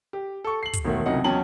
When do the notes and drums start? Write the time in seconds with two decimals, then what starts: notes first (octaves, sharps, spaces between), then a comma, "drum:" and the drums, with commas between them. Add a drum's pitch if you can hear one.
0.13 G4
0.44 A4 C#6
0.63 C7 F#7
0.73 drum: kick, hi-hat
0.84 E1 D#3 A3 F#5
1.06 C2 F2 C#3 F#3 D#4 F#5
1.24 E2 F#3 C#4 G5 A5 F#7